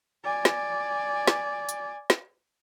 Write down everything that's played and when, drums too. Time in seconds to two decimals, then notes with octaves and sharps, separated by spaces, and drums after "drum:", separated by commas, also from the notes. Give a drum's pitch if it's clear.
0.25 D5 G#5
0.45 drum: snare
1.27 drum: snare
1.69 drum: hi-hat
2.10 drum: snare